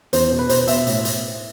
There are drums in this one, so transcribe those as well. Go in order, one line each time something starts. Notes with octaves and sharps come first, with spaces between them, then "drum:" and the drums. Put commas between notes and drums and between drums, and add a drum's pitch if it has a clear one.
E2 C5, drum: hi-hat
B2
B4
B2 C5, drum: hi-hat
B2 E5, drum: hi-hat
A2, drum: hi-hat
drum: hi-hat